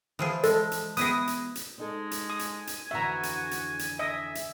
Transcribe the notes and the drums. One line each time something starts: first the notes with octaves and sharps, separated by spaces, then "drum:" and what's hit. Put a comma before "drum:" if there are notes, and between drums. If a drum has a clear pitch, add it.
E3 F3 G#4
G#3 A4, drum: hi-hat
drum: hi-hat
B3 E4 G#4 D#6 A#6, drum: hi-hat
drum: hi-hat
drum: hi-hat
G#3 C4 D#4 A4
drum: hi-hat
G#5 D#6
drum: hi-hat
drum: hi-hat
F2 D3 E3 F#4 E5 A#5
drum: hi-hat
drum: hi-hat
drum: hi-hat
D#5 E5
drum: hi-hat